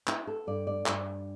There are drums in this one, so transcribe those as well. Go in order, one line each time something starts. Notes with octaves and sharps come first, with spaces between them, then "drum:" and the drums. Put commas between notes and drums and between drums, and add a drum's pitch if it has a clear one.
B3 E4, drum: clap
A4
G2 D5
D5
G2, drum: clap